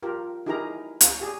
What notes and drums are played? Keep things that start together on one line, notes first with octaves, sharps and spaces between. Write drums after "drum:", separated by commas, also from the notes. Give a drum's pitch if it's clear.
F4 G4 A#4
D#4 E4 G4 G#4 A#4 A#5
drum: hi-hat
G4 G#4